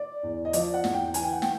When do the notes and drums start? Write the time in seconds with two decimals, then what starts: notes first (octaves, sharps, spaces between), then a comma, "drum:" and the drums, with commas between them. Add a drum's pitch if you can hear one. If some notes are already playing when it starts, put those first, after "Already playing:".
Already playing: D5
0.23 E2
0.45 D#5
0.53 F3 D5, drum: hi-hat
0.74 F#5
0.84 E2, drum: snare
0.94 G5
1.14 E3 G#5, drum: hi-hat
1.23 G5
1.32 F#5
1.42 G5, drum: snare